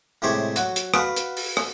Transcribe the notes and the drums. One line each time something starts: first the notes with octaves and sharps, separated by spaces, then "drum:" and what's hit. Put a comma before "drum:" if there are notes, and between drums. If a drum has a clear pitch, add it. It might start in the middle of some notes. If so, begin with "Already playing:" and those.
A2 C3 G#3 G4 C5 C#5
F#3 F#4, drum: hi-hat
drum: hi-hat
F#4 B4 F5, drum: rim click
drum: hi-hat
drum: open hi-hat
drum: rim click